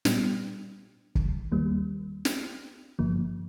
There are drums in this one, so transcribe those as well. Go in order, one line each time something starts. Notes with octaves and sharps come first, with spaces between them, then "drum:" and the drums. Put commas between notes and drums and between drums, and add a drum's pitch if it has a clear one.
A#2 G3 B3 D4, drum: snare
drum: kick
D#2 D#3 G3 A#3
drum: snare
G1 G2 D3 F3 A#3